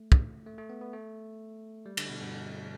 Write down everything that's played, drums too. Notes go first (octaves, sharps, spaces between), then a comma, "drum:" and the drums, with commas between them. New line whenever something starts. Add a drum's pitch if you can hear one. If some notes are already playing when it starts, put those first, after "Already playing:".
Already playing: A3
drum: kick
A3
A3
B3
B3
A3
G3
D3, drum: cymbal
B2
G2